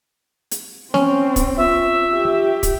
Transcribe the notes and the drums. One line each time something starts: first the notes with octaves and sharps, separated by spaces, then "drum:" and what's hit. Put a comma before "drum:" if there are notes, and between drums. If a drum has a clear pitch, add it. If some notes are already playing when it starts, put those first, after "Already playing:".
drum: hi-hat
C4 C#4, drum: snare
drum: kick, hi-hat
F4 E5 C#6
G4
drum: kick, hi-hat